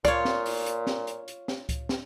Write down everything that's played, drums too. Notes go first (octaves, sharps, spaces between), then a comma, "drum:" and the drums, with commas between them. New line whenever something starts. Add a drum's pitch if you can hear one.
A#2 F4 C#5 D5, drum: kick C#2, hi-hat
drum: snare
drum: open hi-hat
drum: hi-hat
drum: snare
drum: hi-hat
drum: hi-hat
drum: snare
drum: kick C#2, hi-hat
drum: snare